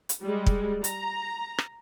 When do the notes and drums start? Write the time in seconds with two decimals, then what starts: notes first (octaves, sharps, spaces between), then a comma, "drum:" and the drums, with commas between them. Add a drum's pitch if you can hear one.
0.09 drum: hi-hat
0.21 G3 G#3
0.46 drum: kick
0.84 A#5, drum: hi-hat
1.58 drum: rim click